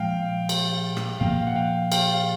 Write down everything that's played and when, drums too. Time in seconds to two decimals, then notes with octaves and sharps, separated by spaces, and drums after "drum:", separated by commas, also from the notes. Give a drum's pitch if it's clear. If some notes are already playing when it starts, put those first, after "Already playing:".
Already playing: A#2 F3 G#3 F5 G5
0.49 drum: cymbal
0.97 drum: rim click
1.20 A#2 F3 A#3 F5 G5
1.47 F#5
1.55 F5 G5
1.92 F5 G5, drum: cymbal